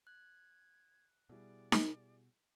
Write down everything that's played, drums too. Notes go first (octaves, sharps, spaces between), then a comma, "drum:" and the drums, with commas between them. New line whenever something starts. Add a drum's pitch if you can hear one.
F#6 G#6
B2 G3 E4 G#4 D5
drum: snare D#4